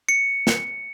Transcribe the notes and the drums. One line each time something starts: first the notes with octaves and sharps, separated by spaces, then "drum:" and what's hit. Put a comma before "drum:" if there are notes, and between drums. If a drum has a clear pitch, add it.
C#7
drum: snare